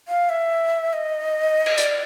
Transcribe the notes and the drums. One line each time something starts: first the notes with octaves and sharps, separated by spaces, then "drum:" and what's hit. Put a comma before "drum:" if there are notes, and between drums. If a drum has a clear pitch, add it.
F5
E5
D#5
drum: cymbal
D5, drum: hi-hat